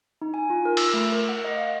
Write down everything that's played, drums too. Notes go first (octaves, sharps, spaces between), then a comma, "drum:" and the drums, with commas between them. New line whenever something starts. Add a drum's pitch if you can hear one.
D#4
G#5
F4
A#4
E6, drum: cymbal
A3
A#4
F#5
D#5
F5